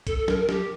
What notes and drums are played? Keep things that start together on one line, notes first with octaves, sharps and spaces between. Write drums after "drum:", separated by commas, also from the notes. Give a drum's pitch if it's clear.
A4, drum: kick B1, hi-hat
A4
A#4, drum: snare
A#4
G4, drum: snare